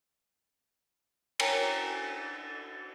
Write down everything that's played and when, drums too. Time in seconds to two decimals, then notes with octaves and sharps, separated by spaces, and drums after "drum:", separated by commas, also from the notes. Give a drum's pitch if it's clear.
1.39 A#4 C#5 G5 G#5 A#5, drum: cymbal